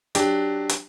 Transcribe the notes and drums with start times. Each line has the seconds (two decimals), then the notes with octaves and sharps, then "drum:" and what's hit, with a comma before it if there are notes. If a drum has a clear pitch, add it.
0.15 F#3 D4 G4, drum: hi-hat
0.69 drum: hi-hat